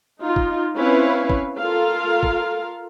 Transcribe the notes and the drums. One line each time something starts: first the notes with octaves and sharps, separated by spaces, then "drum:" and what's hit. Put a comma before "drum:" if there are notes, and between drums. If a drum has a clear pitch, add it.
D#4 F4
drum: kick
C4 C#4 E4 B4 C#5 F5
drum: kick
F4 A4 A#4 F5
drum: kick